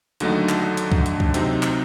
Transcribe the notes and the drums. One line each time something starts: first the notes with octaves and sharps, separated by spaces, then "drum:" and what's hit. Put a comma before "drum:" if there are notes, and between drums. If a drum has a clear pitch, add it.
D#2 D3 F#3 A3 D#4, drum: hi-hat
drum: clap
drum: hi-hat
drum: kick C#2
drum: hi-hat
drum: kick C#2
C3 F#3 C4 D#4, drum: hi-hat
drum: clap